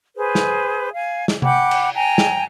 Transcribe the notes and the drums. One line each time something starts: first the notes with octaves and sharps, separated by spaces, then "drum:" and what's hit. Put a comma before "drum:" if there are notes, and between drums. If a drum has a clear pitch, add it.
G#4 B4 C5
drum: snare
F5 G#5
drum: snare
F#5 G5 B5 D6, drum: tom C3
drum: cymbal
G5 G#5 A#5
drum: snare